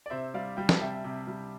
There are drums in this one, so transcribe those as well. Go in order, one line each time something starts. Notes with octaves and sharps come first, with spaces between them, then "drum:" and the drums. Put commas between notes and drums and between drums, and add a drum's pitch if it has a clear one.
D5
C3 C5 E5
G3 D5 F5
G3 G5
A5, drum: snare
C3 E5 G5
C3
G3